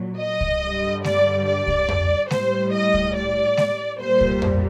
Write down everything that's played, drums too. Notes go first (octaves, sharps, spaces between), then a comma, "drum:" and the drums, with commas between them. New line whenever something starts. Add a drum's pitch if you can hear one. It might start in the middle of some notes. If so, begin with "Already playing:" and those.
Already playing: A#2 F#3
D#5
drum: kick C2
G2 D3 G3
D5, drum: snare G#3
D5
drum: kick C2
drum: tom F2
A2 G3 C5, drum: snare G#3
D#5
drum: kick C2
D5
drum: snare G#3
A#2 G3 C5
drum: kick C2
drum: tom F2